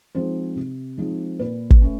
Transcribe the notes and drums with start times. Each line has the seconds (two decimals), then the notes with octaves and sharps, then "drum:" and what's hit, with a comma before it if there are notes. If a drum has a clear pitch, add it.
0.15 F3 G#3 C4 D#4 C5
0.56 C3
0.97 F3 G#3 C4 D#4
1.39 A#2 B4
1.70 drum: kick
1.82 A3 C#4